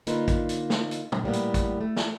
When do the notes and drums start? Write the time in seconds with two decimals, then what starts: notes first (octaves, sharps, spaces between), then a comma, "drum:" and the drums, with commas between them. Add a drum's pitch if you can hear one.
0.07 D3 A#3 D#4 F4 B4, drum: hi-hat
0.28 drum: kick, hi-hat
0.49 drum: hi-hat
0.70 drum: snare
0.91 drum: hi-hat
1.12 drum: tom
1.24 A2 G3 A#3 B3
1.33 drum: hi-hat
1.54 drum: kick, hi-hat
1.81 A3
1.97 drum: snare